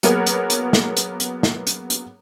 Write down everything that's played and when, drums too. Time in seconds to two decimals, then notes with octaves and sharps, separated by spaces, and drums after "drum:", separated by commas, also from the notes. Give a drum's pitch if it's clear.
0.03 F#3 A#3 B3 G#4 A#4 C#5, drum: hi-hat
0.26 drum: hi-hat
0.50 drum: hi-hat
0.73 drum: snare
0.97 drum: hi-hat
1.20 drum: hi-hat
1.43 drum: snare
1.67 drum: hi-hat
1.90 drum: hi-hat